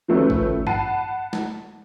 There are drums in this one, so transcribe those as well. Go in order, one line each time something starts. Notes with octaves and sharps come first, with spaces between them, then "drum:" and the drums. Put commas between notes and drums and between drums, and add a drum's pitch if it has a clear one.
D#3 F3 A3 C#4 B4
drum: kick G#1
F#5 A5 B5 C7 D#7, drum: tom G2
drum: snare